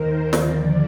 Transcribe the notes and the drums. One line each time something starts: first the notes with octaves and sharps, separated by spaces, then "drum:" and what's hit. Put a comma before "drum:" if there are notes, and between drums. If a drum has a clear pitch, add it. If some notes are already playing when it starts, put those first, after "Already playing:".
Already playing: D#2 D#3 A#4 C5
D#2 D3 F3 D5, drum: snare